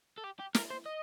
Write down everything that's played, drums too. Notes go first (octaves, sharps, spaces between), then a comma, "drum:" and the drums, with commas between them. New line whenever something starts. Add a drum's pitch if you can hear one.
A4
G4
G4
A#4, drum: snare
C5
D#5